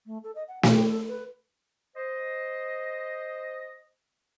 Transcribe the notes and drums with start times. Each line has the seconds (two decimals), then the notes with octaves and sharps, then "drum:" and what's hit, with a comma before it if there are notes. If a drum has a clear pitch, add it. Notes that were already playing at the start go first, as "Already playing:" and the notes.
0.06 A3
0.24 A4
0.35 D#5
0.48 F#5
0.63 A3, drum: snare
0.75 G5
0.88 A4
1.08 B4
1.97 C5 D#5